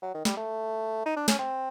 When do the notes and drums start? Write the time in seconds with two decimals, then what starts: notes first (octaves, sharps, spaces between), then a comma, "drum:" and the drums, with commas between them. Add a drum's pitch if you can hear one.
0.02 F#3
0.14 D#3
0.25 G3, drum: snare
0.37 A3
1.06 D#4
1.16 D4
1.28 C#4, drum: snare
1.39 C4